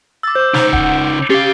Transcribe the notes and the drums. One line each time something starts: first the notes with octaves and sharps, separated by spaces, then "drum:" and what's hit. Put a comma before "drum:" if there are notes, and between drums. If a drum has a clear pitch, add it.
D6 E6 A6
C5 D6 G6
C#3 D#4, drum: snare
F#5, drum: kick D1
C#4 G4 F5 A6 C7 G7